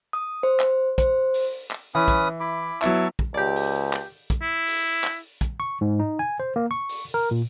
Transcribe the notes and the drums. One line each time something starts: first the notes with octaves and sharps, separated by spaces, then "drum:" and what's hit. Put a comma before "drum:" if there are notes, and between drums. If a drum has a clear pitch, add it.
D#6
C5
drum: clap
C5, drum: kick, hi-hat
drum: open hi-hat
drum: clap
E3 C#4 B4 D#6
drum: kick, hi-hat
E4 B5 D6
F#3 B3 E4 A5 C#6 E6, drum: clap
drum: kick
C#2 G4 D5
drum: open hi-hat
drum: clap
drum: kick, hi-hat
E4
drum: open hi-hat
drum: clap
drum: kick, hi-hat
C#6
G#2
D#4
G#5
C5
A#3
C#6
drum: open hi-hat
A#4
A#2